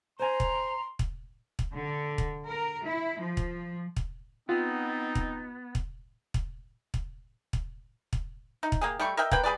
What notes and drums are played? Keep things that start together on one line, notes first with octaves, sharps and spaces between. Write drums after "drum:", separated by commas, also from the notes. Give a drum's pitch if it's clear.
C5 G#5 A#5 C6
drum: kick
drum: kick
drum: kick
D3
drum: kick
A#4
E4
F3
drum: kick
drum: kick
B3 C4 D#4 F4
drum: kick
drum: kick
drum: kick
drum: kick
drum: kick
drum: kick
D#4
drum: kick
A#3 G4 G#4
G3 A3 G5 C#6
A#4 D#5 E5 G5
A#3 B4 G5, drum: kick
G3 G#4 B4 D5